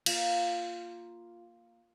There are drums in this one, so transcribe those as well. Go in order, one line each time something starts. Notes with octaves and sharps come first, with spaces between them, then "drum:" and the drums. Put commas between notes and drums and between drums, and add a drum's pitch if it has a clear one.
A#3 F4, drum: cymbal